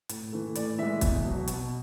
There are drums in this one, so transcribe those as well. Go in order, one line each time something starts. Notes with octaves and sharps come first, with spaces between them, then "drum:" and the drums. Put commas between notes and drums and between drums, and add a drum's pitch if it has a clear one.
A2, drum: hi-hat
E3 A3
A2 D5, drum: hi-hat
E3 G#3 E5
E2, drum: kick, hi-hat
B2 F#3
B2, drum: hi-hat